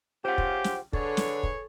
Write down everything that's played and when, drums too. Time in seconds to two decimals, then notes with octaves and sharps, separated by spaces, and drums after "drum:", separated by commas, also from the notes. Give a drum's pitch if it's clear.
0.25 C#3 C#4 F4 G4 C5 F#5
0.38 drum: kick
0.64 drum: snare
0.93 D3 G#4 A4 B4 C#5, drum: kick
1.17 drum: snare
1.43 drum: kick